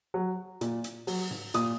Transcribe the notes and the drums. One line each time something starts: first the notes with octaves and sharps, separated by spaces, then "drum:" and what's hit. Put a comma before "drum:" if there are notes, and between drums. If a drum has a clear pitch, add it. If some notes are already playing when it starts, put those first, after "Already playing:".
F#3
A#2, drum: hi-hat
drum: hi-hat
F#3, drum: open hi-hat
drum: tom G#2
A#2 D#6, drum: hi-hat